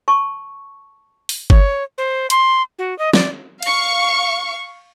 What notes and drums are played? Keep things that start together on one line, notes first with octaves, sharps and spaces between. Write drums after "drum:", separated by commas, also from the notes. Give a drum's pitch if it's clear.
A5 C#6
drum: open hi-hat
C#5, drum: kick G1
C5
C6, drum: hi-hat
F#4
D#5
D5, drum: snare
F5 C#6, drum: cymbal